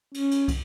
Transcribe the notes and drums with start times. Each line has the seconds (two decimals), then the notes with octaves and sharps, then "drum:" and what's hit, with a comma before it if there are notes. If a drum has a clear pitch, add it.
0.14 C#4, drum: cymbal
0.31 drum: cymbal
0.48 drum: kick, cymbal